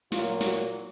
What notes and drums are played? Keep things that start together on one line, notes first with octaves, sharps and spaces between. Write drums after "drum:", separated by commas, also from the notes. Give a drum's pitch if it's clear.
A#2 F#3 A#3 F4, drum: snare
F#4, drum: snare